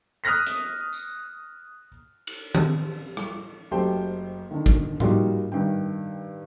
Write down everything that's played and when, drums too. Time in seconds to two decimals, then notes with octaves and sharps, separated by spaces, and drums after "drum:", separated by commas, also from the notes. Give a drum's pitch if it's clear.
0.24 D#6 F6 F#6 A#6 B6
0.47 drum: hi-hat
0.93 drum: tambourine
2.27 drum: cymbal
2.55 drum: tom D#3
3.17 drum: rim click
3.71 F#1 F#2 A3 G4 C5 G5
4.51 D3 D#3
4.66 drum: kick
5.00 G3 A#3 D#4 F4 F#4, drum: tom G#2
5.52 G2 D#3 G5